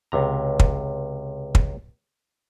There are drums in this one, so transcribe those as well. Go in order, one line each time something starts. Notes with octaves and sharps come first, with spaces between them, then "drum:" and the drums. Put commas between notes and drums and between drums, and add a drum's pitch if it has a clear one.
C#2 C3 A#5
drum: kick
drum: kick